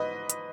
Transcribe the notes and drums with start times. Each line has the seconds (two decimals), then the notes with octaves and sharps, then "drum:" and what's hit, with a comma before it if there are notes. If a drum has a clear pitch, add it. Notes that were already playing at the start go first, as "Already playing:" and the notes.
Already playing: G#2 B4 D#5
0.30 drum: hi-hat